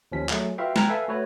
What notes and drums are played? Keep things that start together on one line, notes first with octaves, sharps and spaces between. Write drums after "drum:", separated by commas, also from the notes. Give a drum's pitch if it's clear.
D#2 F3 C#4 B6
F#3 A3 G#4, drum: clap
F4 F#4 B4 E5 F5 G5
G5 G#5 A#5 F6 F#6 G#6, drum: snare
A4 B4 E5 F5 G#5 A5
A3 F#4 B4 C#5